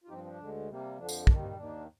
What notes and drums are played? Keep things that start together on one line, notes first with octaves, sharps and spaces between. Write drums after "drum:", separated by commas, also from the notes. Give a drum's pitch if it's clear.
F4
G2 F3 C4 D#4 G4
C4
D4
D2 D3 G#3
C3 G3 A#3
F2 D3 F3 D4
drum: tambourine
D#2 D#3 G3 D4, drum: kick
C4
D#2 D#3 A#3 D4